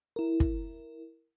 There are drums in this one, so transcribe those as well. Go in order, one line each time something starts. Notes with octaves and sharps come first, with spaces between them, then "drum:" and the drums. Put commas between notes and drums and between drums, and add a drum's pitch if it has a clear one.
E4 A#4
drum: kick